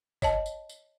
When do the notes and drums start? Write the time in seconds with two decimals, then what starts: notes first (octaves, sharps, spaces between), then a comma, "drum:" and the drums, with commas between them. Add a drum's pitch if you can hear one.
0.22 C#5 D#5 A5, drum: kick, tambourine
0.46 drum: tambourine
0.69 drum: tambourine